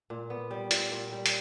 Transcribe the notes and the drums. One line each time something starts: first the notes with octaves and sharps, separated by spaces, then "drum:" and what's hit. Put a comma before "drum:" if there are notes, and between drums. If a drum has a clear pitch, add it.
A#2
B3
G3
A#2, drum: hi-hat
A#2
G3
drum: hi-hat